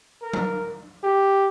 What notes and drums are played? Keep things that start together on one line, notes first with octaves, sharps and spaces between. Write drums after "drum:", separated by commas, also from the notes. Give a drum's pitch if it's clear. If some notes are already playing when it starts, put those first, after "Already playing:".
A#4
drum: tom F#3
G4